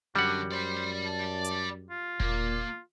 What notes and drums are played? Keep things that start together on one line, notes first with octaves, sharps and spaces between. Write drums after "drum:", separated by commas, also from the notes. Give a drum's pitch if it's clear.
F#2 D3 G3 F#4 F#5
C5 D5 B5
A5
drum: hi-hat
F4
A#2 A#3, drum: kick E1